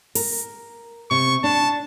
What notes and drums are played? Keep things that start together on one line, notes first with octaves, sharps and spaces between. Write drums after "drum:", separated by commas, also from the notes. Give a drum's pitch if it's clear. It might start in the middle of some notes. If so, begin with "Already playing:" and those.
A#4, drum: open hi-hat
C3 C#6
D4 A5